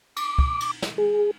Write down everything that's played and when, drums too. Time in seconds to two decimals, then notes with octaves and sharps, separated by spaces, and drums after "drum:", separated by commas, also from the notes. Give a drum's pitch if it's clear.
0.17 D6, drum: cymbal
0.38 drum: kick
0.60 drum: cymbal
0.82 drum: snare
0.98 G#4